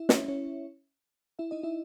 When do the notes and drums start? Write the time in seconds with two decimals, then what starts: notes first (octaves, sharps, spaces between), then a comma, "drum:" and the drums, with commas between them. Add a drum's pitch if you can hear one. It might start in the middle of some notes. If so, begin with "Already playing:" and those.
Already playing: E4 E5
0.09 C#4 C#5, drum: snare
0.28 C#4 C#5
1.39 E4 E5
1.51 D#4 D#5
1.63 E4 E5